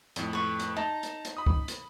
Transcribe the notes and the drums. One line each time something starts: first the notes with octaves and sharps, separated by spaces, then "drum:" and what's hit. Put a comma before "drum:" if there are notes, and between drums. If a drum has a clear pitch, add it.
F2 A2, drum: hi-hat
B4 C#6
drum: hi-hat
D#4 A5 A#5
drum: hi-hat
drum: hi-hat
B5 D#6
drum: kick C2
drum: hi-hat